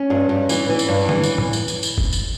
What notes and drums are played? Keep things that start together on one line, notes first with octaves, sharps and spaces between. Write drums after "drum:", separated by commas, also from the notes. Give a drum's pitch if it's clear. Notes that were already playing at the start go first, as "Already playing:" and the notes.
Already playing: C#4
G2
G2
E3, drum: tambourine
E3
drum: tambourine
G2
E3, drum: tom D3
drum: tambourine
drum: tom
drum: tambourine
drum: tambourine
drum: tambourine
drum: kick
drum: tambourine